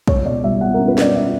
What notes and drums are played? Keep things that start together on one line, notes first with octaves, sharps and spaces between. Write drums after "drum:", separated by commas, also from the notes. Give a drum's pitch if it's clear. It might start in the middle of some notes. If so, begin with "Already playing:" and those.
C#2 C#5, drum: kick
B2 D5
G3 E5
B2 F#5
A#4
C#4
B4
C#4 D5, drum: snare
E5